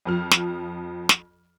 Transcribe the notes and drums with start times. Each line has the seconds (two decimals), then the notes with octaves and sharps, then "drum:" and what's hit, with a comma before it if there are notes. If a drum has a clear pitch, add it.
0.05 F2 F3 F6
0.31 drum: snare
1.09 drum: snare